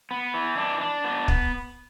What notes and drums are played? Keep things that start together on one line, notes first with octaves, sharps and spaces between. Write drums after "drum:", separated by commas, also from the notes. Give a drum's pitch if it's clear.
B3
E3
D4
D4
B3
drum: kick